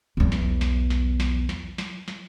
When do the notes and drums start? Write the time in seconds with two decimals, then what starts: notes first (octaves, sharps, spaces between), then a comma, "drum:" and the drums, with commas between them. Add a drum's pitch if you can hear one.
0.17 B1 E2
0.32 drum: snare
0.61 drum: snare
0.90 drum: snare
1.20 drum: snare
1.49 drum: snare
1.78 drum: snare
2.08 drum: snare